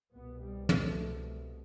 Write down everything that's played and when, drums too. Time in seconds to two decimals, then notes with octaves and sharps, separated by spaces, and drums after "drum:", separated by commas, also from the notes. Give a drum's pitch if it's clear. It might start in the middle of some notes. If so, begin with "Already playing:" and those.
0.13 C2 B2 B3
0.41 G3
0.69 A3, drum: tom